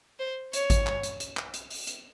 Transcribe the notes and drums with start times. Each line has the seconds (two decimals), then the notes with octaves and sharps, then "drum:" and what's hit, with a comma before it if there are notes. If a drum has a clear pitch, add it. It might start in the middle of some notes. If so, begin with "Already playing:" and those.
0.19 C5
0.53 C#5, drum: hi-hat
0.70 drum: kick G#1, hi-hat
0.87 drum: clap
1.03 drum: hi-hat
1.20 drum: hi-hat
1.37 drum: clap
1.54 drum: hi-hat
1.70 drum: open hi-hat
1.87 drum: hi-hat